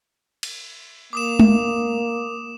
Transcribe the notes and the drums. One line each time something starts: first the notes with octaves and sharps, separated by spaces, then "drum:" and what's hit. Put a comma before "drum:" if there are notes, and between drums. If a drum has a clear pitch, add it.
drum: cymbal
A#3 D6 D#6 E7
drum: tom G#3